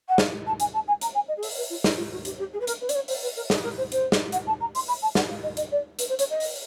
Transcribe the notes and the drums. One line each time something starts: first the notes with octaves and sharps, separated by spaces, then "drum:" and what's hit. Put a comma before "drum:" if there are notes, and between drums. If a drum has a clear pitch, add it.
F#5
F5, drum: snare
A5
G#5, drum: hi-hat
A5
G#5
A#5, drum: hi-hat
G#5
D#5
G#4
A4, drum: open hi-hat
B4
F4
E4, drum: snare
F4
F#4
G4, drum: hi-hat
G4
G#4
B4
A#4, drum: hi-hat
B4
D5, drum: hi-hat
C#5
C5, drum: open hi-hat
B4
A#4
A4, drum: snare
A#4
C5
C5, drum: hi-hat
drum: snare
F#5, drum: hi-hat
A5
A#5
C6, drum: open hi-hat
B5
A5
F#5, drum: snare
F5
D#5
D#5, drum: hi-hat
D5
B4, drum: hi-hat
C5
C#5, drum: hi-hat
D#5
drum: open hi-hat